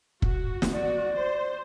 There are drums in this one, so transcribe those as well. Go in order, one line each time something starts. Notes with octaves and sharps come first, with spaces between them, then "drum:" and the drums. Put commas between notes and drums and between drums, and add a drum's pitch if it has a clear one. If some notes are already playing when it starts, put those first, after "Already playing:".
F#4, drum: kick
drum: snare
F#4 D5
C5